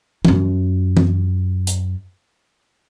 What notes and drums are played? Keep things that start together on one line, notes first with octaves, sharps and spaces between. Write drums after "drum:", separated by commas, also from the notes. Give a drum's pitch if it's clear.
F#2 F4, drum: tom E3
drum: tom E3
drum: hi-hat